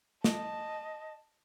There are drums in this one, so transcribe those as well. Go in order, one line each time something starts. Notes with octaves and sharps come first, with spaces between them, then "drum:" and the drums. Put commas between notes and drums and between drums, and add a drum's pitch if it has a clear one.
D#5 A5, drum: snare